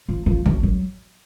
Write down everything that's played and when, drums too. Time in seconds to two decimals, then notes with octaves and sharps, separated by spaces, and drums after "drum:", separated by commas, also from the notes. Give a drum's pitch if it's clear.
0.09 F3
0.26 F3
0.46 F#3, drum: kick G#1
0.63 F#3